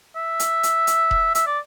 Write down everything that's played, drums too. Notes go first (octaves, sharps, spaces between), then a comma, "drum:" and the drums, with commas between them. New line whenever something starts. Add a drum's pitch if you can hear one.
E5
drum: hi-hat
drum: hi-hat
drum: hi-hat
drum: kick E1
E5, drum: hi-hat
D5